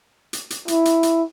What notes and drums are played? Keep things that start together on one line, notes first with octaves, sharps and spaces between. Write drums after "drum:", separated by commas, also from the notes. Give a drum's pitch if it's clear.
drum: hi-hat
drum: hi-hat
E4, drum: hi-hat
drum: hi-hat
drum: hi-hat